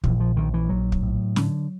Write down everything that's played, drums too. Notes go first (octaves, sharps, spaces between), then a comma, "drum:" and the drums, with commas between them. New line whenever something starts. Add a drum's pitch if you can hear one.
A#1 E3, drum: kick
F3
A#1 D#3
E3
A#1 F#3
drum: kick
A2
D3, drum: snare